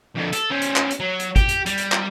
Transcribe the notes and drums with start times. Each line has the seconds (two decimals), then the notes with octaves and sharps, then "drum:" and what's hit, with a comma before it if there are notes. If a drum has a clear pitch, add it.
0.15 F2 D3
0.33 A4, drum: hi-hat
0.50 C#4 C5
0.62 drum: hi-hat
0.76 drum: clap
0.91 drum: hi-hat
1.00 F#3
1.20 drum: hi-hat
1.36 G4, drum: kick, hi-hat
1.49 drum: hi-hat
1.66 G3, drum: hi-hat
1.78 drum: hi-hat
1.92 drum: clap